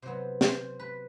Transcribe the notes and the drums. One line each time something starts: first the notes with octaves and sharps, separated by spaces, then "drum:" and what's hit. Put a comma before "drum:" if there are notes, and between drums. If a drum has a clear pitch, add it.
C3 F#3 B3 C5
C5, drum: snare
B4